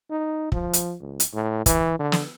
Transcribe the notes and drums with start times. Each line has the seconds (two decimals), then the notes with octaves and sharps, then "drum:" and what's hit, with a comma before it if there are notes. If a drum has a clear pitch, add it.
0.11 D#4
0.52 F3, drum: kick
0.73 drum: hi-hat
1.01 C#2
1.20 drum: hi-hat
1.34 A2
1.66 E3, drum: kick, hi-hat
1.99 D3
2.12 drum: snare